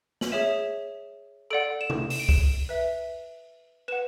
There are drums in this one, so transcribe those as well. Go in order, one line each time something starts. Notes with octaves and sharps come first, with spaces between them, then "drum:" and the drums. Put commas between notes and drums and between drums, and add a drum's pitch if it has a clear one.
F#7, drum: snare
G#4 C#5 E5 E7
A4 D5 F#5 D7
E7
drum: tom C3
E7, drum: open hi-hat
D7
E7, drum: kick
B4 E5
B4 F#5 E7